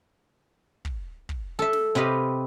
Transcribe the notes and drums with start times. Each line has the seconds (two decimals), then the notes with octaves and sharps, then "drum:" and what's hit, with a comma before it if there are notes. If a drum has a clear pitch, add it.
0.85 drum: kick
1.29 drum: kick
1.59 A4 E5
1.73 drum: snare
1.95 C3 G4 B4 D#5 F5